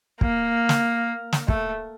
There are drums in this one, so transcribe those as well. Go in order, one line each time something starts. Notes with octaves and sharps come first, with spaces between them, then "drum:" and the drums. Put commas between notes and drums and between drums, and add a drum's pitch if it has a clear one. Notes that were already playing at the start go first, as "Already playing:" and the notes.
A#3, drum: kick
drum: snare
drum: snare
A3, drum: kick